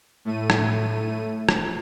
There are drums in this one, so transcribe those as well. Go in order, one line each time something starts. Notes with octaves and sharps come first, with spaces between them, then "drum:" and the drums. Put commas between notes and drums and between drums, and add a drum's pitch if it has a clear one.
A2 A3 D#7
drum: rim click
drum: rim click